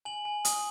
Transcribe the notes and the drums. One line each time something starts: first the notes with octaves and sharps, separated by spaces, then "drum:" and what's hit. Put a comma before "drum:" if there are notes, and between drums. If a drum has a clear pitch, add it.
G#5 F#7
G#5
D#6, drum: hi-hat